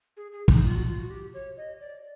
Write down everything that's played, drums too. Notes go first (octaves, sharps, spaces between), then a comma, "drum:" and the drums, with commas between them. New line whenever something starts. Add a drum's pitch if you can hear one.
G#4
G#4
D#4, drum: kick
F4
F#4
F4
F#4
G4
C#5
D#5
D5